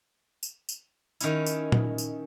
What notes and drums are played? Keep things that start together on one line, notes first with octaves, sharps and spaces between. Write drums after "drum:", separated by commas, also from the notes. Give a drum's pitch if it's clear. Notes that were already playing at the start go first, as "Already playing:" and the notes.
drum: tambourine
drum: tambourine
D#3 C#4 E4, drum: tambourine
drum: tambourine
drum: tom A#2
drum: tambourine